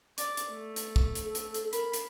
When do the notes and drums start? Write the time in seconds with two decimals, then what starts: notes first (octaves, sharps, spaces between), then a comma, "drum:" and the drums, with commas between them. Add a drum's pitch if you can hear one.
0.18 D5, drum: hi-hat
0.37 drum: hi-hat
0.49 A3
0.76 drum: hi-hat
0.96 drum: kick
1.15 drum: hi-hat
1.25 A4
1.35 drum: hi-hat
1.54 drum: hi-hat
1.73 A#4 B5, drum: hi-hat
1.93 drum: hi-hat